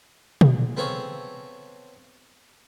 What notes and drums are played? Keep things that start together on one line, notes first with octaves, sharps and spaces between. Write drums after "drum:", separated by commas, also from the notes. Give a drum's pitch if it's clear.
drum: tom
B3 C4 G#4 A4 C#5 F5